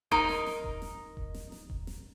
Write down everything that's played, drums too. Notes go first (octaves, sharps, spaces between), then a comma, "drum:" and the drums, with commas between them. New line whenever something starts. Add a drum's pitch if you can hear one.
D#4 A#4 D#5 C6, drum: kick E1
drum: snare
drum: snare
drum: kick E1
drum: snare
drum: kick E1
drum: snare
drum: snare
drum: kick E1
drum: snare